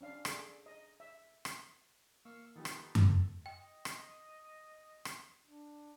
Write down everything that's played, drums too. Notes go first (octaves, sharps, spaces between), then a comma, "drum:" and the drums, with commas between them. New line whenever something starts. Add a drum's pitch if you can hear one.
C#4 D4 F5
G#4 A4 D6, drum: rim click
D#5
E5
drum: rim click
A#3 F5 C#6 E6
D#3 F3 B3 D#4 G4 A4
drum: rim click
drum: tom F#2
A4
D#5 G5
drum: rim click
drum: rim click
D4